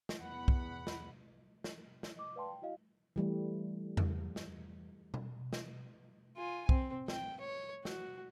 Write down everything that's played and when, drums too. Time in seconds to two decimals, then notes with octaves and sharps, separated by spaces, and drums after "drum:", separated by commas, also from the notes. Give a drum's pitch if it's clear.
0.09 drum: snare
0.21 E2 F#5 B5
0.48 drum: kick
0.87 drum: snare
1.64 drum: snare
2.03 drum: snare
2.16 D#5 D6
2.36 B4 D5 F5 G5 A5 C6
2.49 G5
2.62 E4 F#4 D#5 F5
3.16 E3 G3 A3
3.97 drum: tom E2
4.36 drum: snare
5.14 drum: tom B2
5.53 drum: snare
6.37 F4 G#5
6.69 C4, drum: kick
7.08 G5, drum: snare
7.40 C#5
7.85 F#4, drum: snare